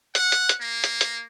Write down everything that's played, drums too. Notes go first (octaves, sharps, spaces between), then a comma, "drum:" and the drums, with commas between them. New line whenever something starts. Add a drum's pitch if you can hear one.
F#5, drum: hi-hat
drum: hi-hat
drum: hi-hat
A#3
drum: hi-hat
drum: hi-hat